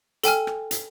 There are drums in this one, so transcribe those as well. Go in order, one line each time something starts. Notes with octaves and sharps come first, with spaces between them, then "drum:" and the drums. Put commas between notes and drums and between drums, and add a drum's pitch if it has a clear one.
A4 G5 G#5 F6, drum: hi-hat
drum: rim click
drum: hi-hat